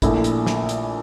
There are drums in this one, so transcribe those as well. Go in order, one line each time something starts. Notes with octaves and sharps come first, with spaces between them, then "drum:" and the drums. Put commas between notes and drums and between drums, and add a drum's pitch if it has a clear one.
A#1 A#2 A3 E4, drum: kick, hi-hat
drum: hi-hat
drum: snare
drum: hi-hat